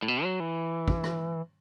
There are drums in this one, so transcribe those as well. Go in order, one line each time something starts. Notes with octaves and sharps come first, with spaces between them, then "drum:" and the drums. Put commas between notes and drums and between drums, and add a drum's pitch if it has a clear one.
A2
B2
F#3
E3
drum: kick
drum: rim click